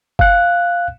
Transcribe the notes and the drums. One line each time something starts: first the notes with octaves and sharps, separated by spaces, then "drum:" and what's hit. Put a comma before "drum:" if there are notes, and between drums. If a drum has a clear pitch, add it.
F5 F#6, drum: kick F#1